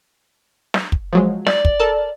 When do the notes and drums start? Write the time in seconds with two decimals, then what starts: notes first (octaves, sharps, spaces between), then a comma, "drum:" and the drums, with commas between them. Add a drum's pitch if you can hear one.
0.74 drum: snare
0.92 drum: kick
1.13 F3 F#3 G#3
1.47 D5, drum: snare
1.65 drum: kick
1.80 A4 A#4 A5